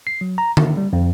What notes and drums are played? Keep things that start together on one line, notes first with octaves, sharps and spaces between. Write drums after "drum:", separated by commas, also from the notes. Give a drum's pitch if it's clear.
C7
F#3
A#5
D#3, drum: tom D3
G3
F2